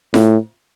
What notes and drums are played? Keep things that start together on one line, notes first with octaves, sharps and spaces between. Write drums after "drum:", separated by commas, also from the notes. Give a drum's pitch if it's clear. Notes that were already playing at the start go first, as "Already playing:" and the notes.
A2, drum: snare F4